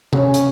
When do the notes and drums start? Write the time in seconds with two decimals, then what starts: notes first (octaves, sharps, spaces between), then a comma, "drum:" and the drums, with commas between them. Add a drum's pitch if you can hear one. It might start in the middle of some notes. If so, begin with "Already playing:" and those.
0.13 C#4, drum: tom C3
0.34 drum: hi-hat